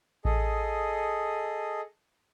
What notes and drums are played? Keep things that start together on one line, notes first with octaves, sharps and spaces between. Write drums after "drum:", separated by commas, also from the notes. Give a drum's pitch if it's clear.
G#4 A4 D#5, drum: kick A1